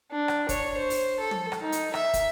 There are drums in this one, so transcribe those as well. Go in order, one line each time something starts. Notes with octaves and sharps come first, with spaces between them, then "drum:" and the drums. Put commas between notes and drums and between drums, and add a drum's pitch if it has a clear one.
D4
drum: rim click
C#5, drum: kick, hi-hat
C5
drum: open hi-hat
A4
drum: tom
drum: rim click
D#4
drum: hi-hat
E5, drum: rim click
drum: kick, hi-hat